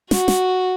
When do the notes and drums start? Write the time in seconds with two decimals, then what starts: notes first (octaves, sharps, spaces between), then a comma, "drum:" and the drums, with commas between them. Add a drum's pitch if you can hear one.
0.11 F#4, drum: snare
0.28 drum: snare